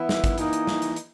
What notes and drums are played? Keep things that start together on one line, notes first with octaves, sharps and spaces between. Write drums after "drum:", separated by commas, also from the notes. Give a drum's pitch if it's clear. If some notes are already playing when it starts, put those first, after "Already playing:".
Already playing: E3 B3 E4
drum: snare
drum: kick G#1, hi-hat
E3 A#3 D#4, drum: hi-hat
drum: hi-hat
drum: snare
drum: hi-hat
drum: hi-hat